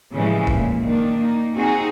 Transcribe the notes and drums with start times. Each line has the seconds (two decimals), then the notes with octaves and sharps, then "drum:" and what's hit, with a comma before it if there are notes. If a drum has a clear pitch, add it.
0.13 A2 C#3 E3 F3 G3 G#3
0.47 A#2, drum: kick D#1
0.85 D#3 A#3 D4
1.17 A#3 D#4
1.55 C4 D#4 F#4 G#4